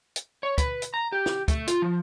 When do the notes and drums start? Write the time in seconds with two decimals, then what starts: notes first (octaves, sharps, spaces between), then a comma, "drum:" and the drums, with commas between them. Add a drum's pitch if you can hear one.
0.16 drum: hi-hat
0.43 C#5
0.58 B4, drum: kick, hi-hat
0.82 drum: hi-hat
0.94 A#5
1.12 G4
1.26 drum: snare
1.48 A3, drum: kick, hi-hat
1.67 F4, drum: hi-hat
1.82 F3